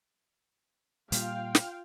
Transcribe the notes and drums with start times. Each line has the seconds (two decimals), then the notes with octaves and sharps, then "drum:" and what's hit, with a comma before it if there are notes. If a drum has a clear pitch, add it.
1.12 A#2 G3 F4 F5 G5, drum: hi-hat
1.55 drum: snare